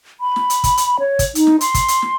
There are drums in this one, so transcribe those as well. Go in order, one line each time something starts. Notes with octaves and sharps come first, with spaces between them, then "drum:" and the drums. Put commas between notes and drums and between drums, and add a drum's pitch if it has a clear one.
B5
drum: snare
drum: hi-hat
drum: kick, hi-hat
drum: hi-hat
C#5
drum: kick, hi-hat
D#4, drum: hi-hat
drum: snare
C6, drum: hi-hat
drum: kick, hi-hat
drum: hi-hat
drum: snare